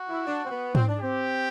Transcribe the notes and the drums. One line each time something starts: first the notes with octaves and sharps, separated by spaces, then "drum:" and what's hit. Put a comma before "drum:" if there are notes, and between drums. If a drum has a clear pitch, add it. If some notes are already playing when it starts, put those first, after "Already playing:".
Already playing: F#4
E4
D4
C4
B3
C4, drum: tom G#2
D4
C4 G4